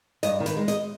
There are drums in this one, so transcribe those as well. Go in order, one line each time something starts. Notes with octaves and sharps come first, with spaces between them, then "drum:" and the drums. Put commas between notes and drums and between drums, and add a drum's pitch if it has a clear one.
G2 D#5, drum: hi-hat
D#3
B4, drum: hi-hat
G#3
D#5, drum: hi-hat